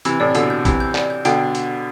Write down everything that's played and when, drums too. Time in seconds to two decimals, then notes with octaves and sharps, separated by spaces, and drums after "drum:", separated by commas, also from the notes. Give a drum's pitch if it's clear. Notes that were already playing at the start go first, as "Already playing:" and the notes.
0.05 C3 E3 E6, drum: hi-hat
0.20 A2 C3 D5
0.35 B2 D3 E6, drum: hi-hat
0.50 G6
0.65 C3 E3 E6, drum: kick, hi-hat
0.80 G6
0.95 D5, drum: clap
1.10 G6
1.25 B2 D3 G5, drum: hi-hat
1.55 drum: hi-hat